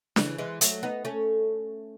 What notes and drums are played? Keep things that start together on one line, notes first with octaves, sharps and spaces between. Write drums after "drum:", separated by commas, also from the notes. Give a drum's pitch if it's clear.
C#3 E3, drum: snare D4
E3 G#3
F#3 A3, drum: hi-hat
B3 D#4
A3 C#4